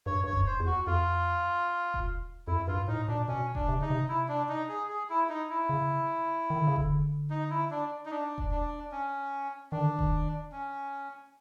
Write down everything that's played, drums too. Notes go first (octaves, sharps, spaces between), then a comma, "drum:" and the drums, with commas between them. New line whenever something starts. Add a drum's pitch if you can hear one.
G2 C#5
G2 C#5
F#2, drum: kick E1
C5
E2
F#4
F2 F4
drum: kick E1
F2 E4
G2 F4
A2 D#4
A#2 D4
B2 C#4
D4, drum: kick E1
C3
C#3 D#4
C3
E4
D4
D#4
G#4
G#4
E4
D#4
E4
C#3
D#3
D3
C#3
D3, drum: kick E1
D#4
E4
D4
D#4
D4
drum: kick E1
D4
C#4
D#3 D4
D3
D#3
drum: kick E1
C#4